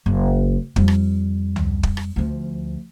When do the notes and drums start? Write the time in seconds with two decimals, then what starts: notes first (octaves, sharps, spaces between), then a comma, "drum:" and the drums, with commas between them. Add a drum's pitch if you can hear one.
0.06 F#1
0.76 F2 G3, drum: kick
0.88 drum: rim click
1.56 drum: tom C#2
1.83 drum: kick
1.97 drum: rim click
2.16 D2 F3